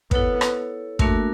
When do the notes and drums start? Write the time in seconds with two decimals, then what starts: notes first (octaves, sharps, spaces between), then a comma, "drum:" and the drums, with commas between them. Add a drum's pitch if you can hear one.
0.11 B3 E4 A4 C#5, drum: kick
0.41 drum: rim click
0.99 A3 A#3 D4 F#4 A#4, drum: kick